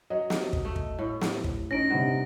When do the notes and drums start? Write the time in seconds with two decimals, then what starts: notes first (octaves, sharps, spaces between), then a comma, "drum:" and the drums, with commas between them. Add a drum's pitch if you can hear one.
0.10 F#3 D#5
0.30 drum: snare
0.53 drum: kick
0.65 A3
0.76 drum: kick
0.99 A2
1.21 drum: snare
1.44 drum: kick
1.71 C#4 D#4 A#6 D7
1.90 G2 C3 D#4 F#5